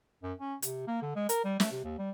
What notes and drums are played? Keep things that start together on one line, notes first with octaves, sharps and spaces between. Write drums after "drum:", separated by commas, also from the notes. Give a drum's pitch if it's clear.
F#2
C#4
C3, drum: hi-hat
A#3
D3
G#3
A#4, drum: hi-hat
G3
A3, drum: snare
C3
D#2
G3